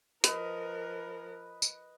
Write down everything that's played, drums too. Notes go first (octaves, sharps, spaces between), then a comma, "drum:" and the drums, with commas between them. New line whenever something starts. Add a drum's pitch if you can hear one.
F3 A#4 B4 D#5, drum: hi-hat
drum: tambourine